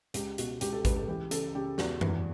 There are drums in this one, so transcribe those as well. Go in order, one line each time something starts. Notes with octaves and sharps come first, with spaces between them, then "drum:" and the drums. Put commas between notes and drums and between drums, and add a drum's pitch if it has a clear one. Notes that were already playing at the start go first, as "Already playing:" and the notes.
C#2 G4, drum: hi-hat
B2 F#4, drum: hi-hat
C#2 G4, drum: hi-hat
A4
C#2 B4, drum: kick A1, hi-hat
A4
E3 G4
C#3 A4, drum: hi-hat
C#3 G4
E2 F#4, drum: snare
E3, drum: tom F#2